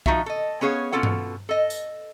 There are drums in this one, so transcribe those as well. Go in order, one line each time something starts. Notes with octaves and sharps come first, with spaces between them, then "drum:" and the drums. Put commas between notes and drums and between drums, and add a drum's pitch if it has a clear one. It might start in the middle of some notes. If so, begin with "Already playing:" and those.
F3 D#4 F#4 E5, drum: kick
A4 D#5
B3 C#4 G#4 C#5 F5
B2 C#4 F4 A4 F#5
drum: tom G2
A4 D#5
drum: tambourine